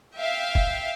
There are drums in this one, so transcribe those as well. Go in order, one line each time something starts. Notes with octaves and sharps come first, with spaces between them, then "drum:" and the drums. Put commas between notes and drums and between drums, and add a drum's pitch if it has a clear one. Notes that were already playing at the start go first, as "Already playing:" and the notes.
E5 F5 G5
drum: kick